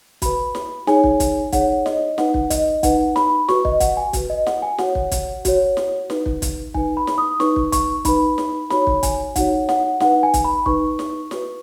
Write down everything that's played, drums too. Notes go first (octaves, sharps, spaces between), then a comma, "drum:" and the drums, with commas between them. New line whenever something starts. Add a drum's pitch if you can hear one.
F#4 B4 B5, drum: kick, hi-hat
drum: snare
D#4 G#4 C#5 G#5, drum: snare
drum: kick
drum: kick, hi-hat
D#4 G#4 C#5 F#5, drum: kick, hi-hat
D#5, drum: snare
D#4 B4 F#5, drum: snare
drum: kick
D#5, drum: kick, hi-hat
D#4 B4 F#5, drum: kick, hi-hat
B5, drum: snare
F#4 B4 C#6, drum: snare
D#5, drum: kick
F#5, drum: kick, hi-hat
G#5
F#4 B4, drum: kick, hi-hat
D#5
F#5, drum: snare
G#5
F#4 C#5 F#5, drum: snare
drum: kick
drum: kick, hi-hat
F#4 C#5, drum: kick, hi-hat
drum: snare
D#4 B4, drum: snare
drum: kick
drum: kick, hi-hat
D#4 B4 G#5, drum: kick
B5
drum: snare
D#6
D#4 B4 C#6, drum: snare
drum: kick
C#6, drum: kick, hi-hat
D#4 B4 B5, drum: kick, hi-hat
drum: snare
D#4 F#4 C#5 B5, drum: snare
drum: kick
G#5, drum: kick, hi-hat
D#4 F#4 C#5 F#5, drum: kick, hi-hat
F#5, drum: snare
D#4 B4 F#5, drum: snare
G#5
drum: kick, hi-hat
B5
D#4 B4 C#6, drum: kick
drum: snare
F#4 B4, drum: snare